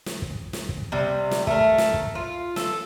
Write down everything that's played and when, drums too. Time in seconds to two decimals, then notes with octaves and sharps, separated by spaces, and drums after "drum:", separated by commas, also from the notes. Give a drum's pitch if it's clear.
0.06 drum: snare
0.22 drum: kick
0.53 drum: snare
0.69 drum: kick
0.92 C3 G3
1.31 drum: snare
1.47 A3 A#4, drum: kick
1.78 drum: snare
1.94 drum: kick
2.15 F4
2.56 A4, drum: snare